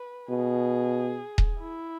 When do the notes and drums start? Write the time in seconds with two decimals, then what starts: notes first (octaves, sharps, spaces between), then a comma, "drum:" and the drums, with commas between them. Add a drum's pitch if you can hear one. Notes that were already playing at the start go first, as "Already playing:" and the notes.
Already playing: B4
0.29 B2 G#4
1.38 drum: kick D#1
1.60 E4